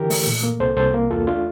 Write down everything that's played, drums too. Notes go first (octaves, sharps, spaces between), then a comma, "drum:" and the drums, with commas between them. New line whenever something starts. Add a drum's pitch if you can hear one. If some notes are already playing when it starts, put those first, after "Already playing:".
Already playing: D3 E3 G4 A#4
A3, drum: open hi-hat
A#2
A#3
C2 A4 C5
C2 A4 C5
A#3
E2 F4 A4
A3 D4 F4